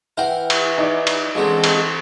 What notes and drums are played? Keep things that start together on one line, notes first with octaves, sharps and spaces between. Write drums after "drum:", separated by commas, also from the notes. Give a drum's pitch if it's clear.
E3 E4 A#4 C5 F#5 G5
drum: cymbal
D#4 D5
drum: cymbal
C#2 D3 E3 G#3 C4 A4
drum: cymbal